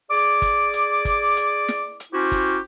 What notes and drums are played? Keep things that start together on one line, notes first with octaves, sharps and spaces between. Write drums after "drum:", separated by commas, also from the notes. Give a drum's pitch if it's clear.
G#4 D5 D6
drum: kick, hi-hat
drum: hi-hat
drum: kick, hi-hat
drum: hi-hat
drum: snare
drum: hi-hat
C#4 E4 F#4 G4 C5
drum: kick, hi-hat